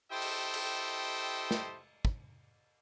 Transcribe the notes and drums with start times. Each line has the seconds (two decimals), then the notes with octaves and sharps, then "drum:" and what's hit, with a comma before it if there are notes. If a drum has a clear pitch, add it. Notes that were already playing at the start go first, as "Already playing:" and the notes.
0.12 E4 G4 A4 C5 D#5 G5
0.22 drum: cymbal
0.54 drum: cymbal
1.51 drum: snare
2.05 drum: kick